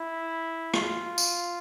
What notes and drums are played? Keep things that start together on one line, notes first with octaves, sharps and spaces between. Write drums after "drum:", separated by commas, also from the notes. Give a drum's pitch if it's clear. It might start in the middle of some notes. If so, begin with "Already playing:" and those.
Already playing: E4
F4, drum: rim click
drum: tambourine